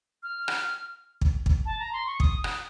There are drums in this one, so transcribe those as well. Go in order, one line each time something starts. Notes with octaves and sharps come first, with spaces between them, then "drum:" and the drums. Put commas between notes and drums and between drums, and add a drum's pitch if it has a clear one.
F6
drum: rim click
drum: kick
drum: kick
A5
A#5
C6
C#6
D#6, drum: kick
drum: rim click